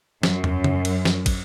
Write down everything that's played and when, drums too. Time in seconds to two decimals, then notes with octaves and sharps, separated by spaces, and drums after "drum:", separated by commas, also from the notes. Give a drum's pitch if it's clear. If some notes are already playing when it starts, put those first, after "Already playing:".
0.23 F#2, drum: snare
0.44 drum: tom
0.64 drum: tom C#3
0.85 drum: cymbal
1.05 drum: snare
1.26 drum: kick, cymbal